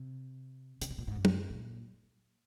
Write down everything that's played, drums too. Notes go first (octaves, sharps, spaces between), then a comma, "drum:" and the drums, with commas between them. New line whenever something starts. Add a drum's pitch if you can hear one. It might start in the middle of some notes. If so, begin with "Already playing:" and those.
Already playing: C3
C#3, drum: hi-hat
C3
A#2
G#2
F#2
drum: tom
A#2